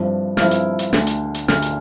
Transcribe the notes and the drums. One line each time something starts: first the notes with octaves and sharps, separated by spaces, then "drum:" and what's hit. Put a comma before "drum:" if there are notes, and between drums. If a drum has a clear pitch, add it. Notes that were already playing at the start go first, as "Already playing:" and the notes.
Already playing: G2 F3 C4 E4
G2 F3 C4 E4 F6, drum: snare
drum: hi-hat
drum: hi-hat
D2 D3 A3, drum: snare
drum: hi-hat
drum: hi-hat
D2 D3 A3 F6, drum: snare
drum: hi-hat